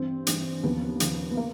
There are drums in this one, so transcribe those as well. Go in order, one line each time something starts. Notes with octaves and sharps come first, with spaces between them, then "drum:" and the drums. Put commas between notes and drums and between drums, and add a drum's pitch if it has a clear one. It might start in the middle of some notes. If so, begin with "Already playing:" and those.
Already playing: G2 E3 C4
G2 E3, drum: hi-hat
D#2 C#3 F3 B3
D#2 C#3 F3, drum: hi-hat
B3
A#3